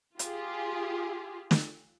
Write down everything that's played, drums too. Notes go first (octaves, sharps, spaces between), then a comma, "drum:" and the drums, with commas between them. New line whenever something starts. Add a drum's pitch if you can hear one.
F4 G4 G#4, drum: hi-hat
drum: snare